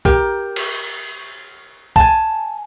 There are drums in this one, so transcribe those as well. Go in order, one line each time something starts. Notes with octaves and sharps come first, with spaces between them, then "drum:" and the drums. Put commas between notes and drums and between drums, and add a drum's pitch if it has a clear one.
G4 A#4, drum: kick A#1
drum: cymbal
G#5 A5, drum: kick A#1